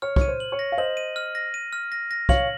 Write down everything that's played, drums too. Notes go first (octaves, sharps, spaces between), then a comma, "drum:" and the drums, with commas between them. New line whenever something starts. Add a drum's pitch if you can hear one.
C#5 F6
C#5, drum: kick
D#7
C5
F#7
C#5
A#6
F5
C5 D#5 F#7
D#7
F6
A#6
D#7
F6
A#6
A#6
C#5 F5 F#7, drum: kick